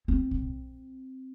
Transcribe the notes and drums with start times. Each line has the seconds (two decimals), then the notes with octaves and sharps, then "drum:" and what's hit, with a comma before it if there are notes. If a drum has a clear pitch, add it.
0.08 C4
0.31 drum: kick